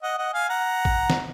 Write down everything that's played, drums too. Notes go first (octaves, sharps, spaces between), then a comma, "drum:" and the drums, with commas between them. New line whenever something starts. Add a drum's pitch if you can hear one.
D#5 F#5
D#5 F#5
F5 G#5
F#5 A#5
drum: kick G#1
drum: snare